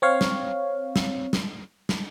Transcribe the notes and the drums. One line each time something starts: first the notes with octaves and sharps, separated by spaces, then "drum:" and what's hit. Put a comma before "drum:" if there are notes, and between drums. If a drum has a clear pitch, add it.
C4 C#5 F5
drum: snare
drum: snare
drum: snare
drum: snare